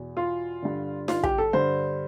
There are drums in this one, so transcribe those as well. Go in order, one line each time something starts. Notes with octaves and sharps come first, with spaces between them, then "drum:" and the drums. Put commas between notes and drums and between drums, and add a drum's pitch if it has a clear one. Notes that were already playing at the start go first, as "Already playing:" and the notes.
Already playing: E2 B2
F4
G2 D3
F4, drum: snare D#4
G4, drum: kick
A4
G2 D3 C5